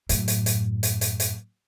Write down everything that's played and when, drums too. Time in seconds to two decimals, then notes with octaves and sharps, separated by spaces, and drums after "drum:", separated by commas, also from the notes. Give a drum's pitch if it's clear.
0.09 F#2 A2, drum: hi-hat
0.28 drum: hi-hat
0.46 drum: hi-hat
0.83 drum: hi-hat
1.01 drum: hi-hat
1.20 drum: hi-hat